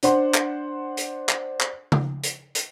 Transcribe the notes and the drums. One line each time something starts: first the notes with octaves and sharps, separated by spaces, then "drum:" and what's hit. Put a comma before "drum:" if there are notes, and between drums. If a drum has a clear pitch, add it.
D4 C5 F#5 C6, drum: hi-hat
drum: clap
drum: hi-hat
drum: clap
drum: clap
drum: tom C#3
drum: hi-hat
drum: hi-hat